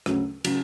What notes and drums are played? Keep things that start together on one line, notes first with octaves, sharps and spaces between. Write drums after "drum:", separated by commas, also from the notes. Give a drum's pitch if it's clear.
D2 C#3 F#3, drum: rim click
C#3 F#3, drum: cymbal